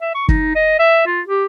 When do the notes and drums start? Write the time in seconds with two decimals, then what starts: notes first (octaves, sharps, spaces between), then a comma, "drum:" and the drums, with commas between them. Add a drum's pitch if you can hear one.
0.01 E5
0.15 C#6
0.28 D#4, drum: kick
0.55 D#5
0.79 E5
1.06 F4
1.28 G4